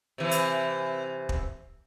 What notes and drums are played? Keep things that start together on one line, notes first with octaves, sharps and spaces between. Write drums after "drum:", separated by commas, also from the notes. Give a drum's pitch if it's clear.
C3 E3
drum: hi-hat
drum: kick